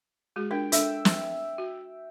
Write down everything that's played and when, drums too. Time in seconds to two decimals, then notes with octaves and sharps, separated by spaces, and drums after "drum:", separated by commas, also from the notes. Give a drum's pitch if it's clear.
0.36 G#3 F#4 G#4
0.51 D4 F4 A#4 G5
0.72 D4 A4 E5, drum: hi-hat
1.05 drum: snare
1.58 F#4